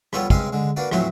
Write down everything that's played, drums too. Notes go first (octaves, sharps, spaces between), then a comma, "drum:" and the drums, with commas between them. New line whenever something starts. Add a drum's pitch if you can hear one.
G3 B3 F4 A4 B4 C#5, drum: rim click
G2 C#3 G#3 C4 F5 G#5, drum: kick
D3 G#3
A#3 D4 F#4 B4 D5
F2 A2 E3 F#3 F#4 C5, drum: rim click